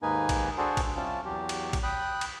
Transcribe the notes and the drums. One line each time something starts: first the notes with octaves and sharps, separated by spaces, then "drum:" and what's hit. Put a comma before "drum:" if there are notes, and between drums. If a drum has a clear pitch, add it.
D#2 G#2 A#3 D#4 B4 G#5
drum: kick A1, cymbal
D4 F#4 G#4 A4 C5
drum: kick A1, cymbal
C3 G3 C#4 F4 A5
E2 F#3 G4
drum: cymbal
drum: kick A1, cymbal
G5 B5 D#6 F#6
drum: cymbal